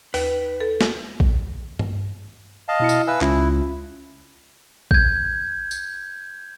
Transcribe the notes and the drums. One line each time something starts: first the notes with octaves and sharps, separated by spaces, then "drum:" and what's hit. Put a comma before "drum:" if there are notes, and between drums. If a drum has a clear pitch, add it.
D#2 B4, drum: open hi-hat
A4
drum: snare
drum: kick A#1
drum: tom G2
D#5 F5 A5
B2 E4 C#7
drum: tambourine
B4 E5 F5 G#5 E6
C#2 C#4 E4 F4, drum: clap
G6 G#6, drum: kick A#1
drum: tambourine